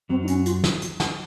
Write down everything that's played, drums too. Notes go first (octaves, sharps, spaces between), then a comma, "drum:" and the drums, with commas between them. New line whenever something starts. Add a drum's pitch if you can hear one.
F#2 F#3 C4
D#4
C#4, drum: hi-hat
F4, drum: hi-hat
drum: snare
drum: hi-hat
drum: snare